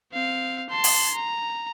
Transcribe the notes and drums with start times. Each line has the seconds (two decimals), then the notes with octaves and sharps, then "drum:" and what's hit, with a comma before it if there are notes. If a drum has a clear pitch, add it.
0.13 C4 F5
0.70 A5 C6
0.84 drum: open hi-hat
1.14 A#5